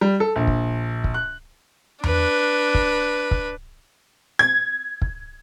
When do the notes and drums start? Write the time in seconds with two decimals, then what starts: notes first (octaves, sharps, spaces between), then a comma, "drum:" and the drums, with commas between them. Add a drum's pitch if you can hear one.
0.01 G3
0.20 A4
0.36 A#1
0.47 drum: kick
1.04 drum: kick
1.14 F#6
2.04 D4 B4, drum: tom E2
2.74 drum: kick
3.31 drum: kick
4.39 G#6
5.02 drum: kick